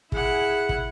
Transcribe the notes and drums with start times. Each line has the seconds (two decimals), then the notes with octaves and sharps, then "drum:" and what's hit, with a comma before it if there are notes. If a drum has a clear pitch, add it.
0.12 E4 G#4 F#5, drum: kick
0.69 drum: kick